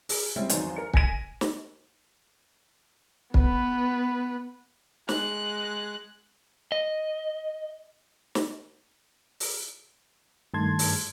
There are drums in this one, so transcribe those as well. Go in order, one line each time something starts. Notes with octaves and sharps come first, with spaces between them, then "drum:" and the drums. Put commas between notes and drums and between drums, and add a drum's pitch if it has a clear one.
G#4, drum: open hi-hat
G3 G#3 C4 C#4 E4
G#1 E2 F#3 D#4 C5 D5, drum: hi-hat
A#4 C#7
G#5 G#6 A#6 B6 D#7, drum: kick
drum: snare
B3 B4, drum: kick
G#3 F#6, drum: snare
D#5
drum: snare
drum: open hi-hat
G2 D#3 A3 A5 C6 G#6
drum: open hi-hat